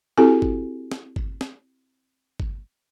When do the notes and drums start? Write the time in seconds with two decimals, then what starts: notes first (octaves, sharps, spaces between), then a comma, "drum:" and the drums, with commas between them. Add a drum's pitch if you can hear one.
0.17 C4 E4 F#4 G4 A4 G#5
0.42 drum: kick G1
0.92 drum: snare
1.16 drum: kick G1
1.41 drum: snare
2.40 drum: kick G1